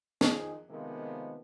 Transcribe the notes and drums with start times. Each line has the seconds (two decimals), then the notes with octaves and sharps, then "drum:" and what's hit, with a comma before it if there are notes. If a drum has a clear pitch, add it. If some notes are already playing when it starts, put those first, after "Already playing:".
0.21 D#3 F3 G#4, drum: snare
0.69 C3 D#3 F3 G#3 A#3 B3